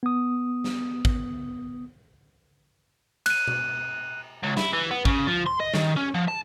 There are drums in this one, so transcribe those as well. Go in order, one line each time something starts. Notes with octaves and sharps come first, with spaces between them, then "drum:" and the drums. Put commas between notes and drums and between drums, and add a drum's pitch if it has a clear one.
B3 D#6
drum: snare
drum: kick
F#6 D#7, drum: cymbal
drum: tom B2
C#2
E4, drum: snare
E3
B3
C#3, drum: kick
F3
C6
D#5
D#3, drum: snare
C#4
F3
A5